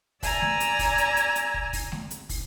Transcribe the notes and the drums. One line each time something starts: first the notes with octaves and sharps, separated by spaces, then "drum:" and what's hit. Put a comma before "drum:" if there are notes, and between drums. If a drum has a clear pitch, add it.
D5 G#5 A#5 E6, drum: kick, open hi-hat
drum: snare A3
drum: hi-hat
drum: kick, open hi-hat
drum: hi-hat
drum: hi-hat
drum: hi-hat
drum: kick
drum: kick, open hi-hat
drum: snare A3
drum: hi-hat
drum: kick, open hi-hat